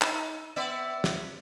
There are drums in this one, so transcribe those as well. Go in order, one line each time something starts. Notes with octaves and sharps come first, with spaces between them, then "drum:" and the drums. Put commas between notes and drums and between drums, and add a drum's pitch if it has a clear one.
D#4, drum: clap
B3 D5 E5
drum: snare